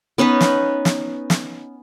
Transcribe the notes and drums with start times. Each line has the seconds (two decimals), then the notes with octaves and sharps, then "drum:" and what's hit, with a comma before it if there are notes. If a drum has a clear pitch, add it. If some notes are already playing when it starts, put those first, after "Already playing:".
0.18 B3 C#4 D#4 B4
0.41 drum: snare
0.85 drum: snare
1.30 drum: snare